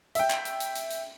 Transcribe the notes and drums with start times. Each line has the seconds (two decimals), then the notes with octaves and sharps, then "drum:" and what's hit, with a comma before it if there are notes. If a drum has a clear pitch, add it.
0.15 E5 G5, drum: hi-hat
0.30 drum: clap
0.45 drum: hi-hat
0.60 drum: hi-hat
0.75 drum: hi-hat
0.91 drum: hi-hat